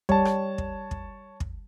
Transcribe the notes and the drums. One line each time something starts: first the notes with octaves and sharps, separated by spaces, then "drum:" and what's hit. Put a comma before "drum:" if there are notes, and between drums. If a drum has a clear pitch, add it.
G3 C#5 A5, drum: kick
drum: rim click
drum: kick
drum: kick
drum: kick